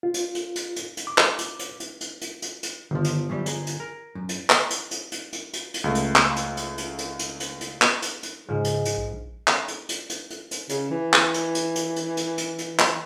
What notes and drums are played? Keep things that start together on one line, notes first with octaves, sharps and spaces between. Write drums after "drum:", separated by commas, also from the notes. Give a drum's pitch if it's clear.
F4
drum: hi-hat
drum: hi-hat
drum: hi-hat
drum: hi-hat
drum: hi-hat
D6
drum: clap
drum: hi-hat
drum: hi-hat
drum: hi-hat
drum: hi-hat
drum: hi-hat
drum: hi-hat
drum: hi-hat
G1 D#3 F3
drum: hi-hat
E3 F#3 G3
G#4 A#5, drum: hi-hat
drum: hi-hat
A#4
F#2
drum: hi-hat
drum: clap
drum: hi-hat
drum: hi-hat
drum: hi-hat
drum: hi-hat
drum: hi-hat
drum: hi-hat
C#2 A3
drum: hi-hat
drum: clap
drum: hi-hat
drum: hi-hat
drum: hi-hat
drum: hi-hat
drum: hi-hat
drum: hi-hat
drum: hi-hat
drum: clap
drum: hi-hat
drum: hi-hat
G#2 C#3 F3 G#3
drum: hi-hat
drum: hi-hat
A#1
drum: clap
drum: hi-hat
drum: hi-hat
drum: hi-hat
drum: hi-hat
drum: hi-hat
C#3, drum: hi-hat
E3
drum: clap
drum: hi-hat
drum: hi-hat
drum: hi-hat
drum: hi-hat
drum: hi-hat
drum: hi-hat
drum: hi-hat
drum: clap